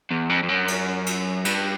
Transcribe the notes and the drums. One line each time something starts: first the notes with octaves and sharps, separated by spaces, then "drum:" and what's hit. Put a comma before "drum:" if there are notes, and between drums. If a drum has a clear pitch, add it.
E2
F2
F2
F#2
drum: cymbal
drum: cymbal
G2, drum: cymbal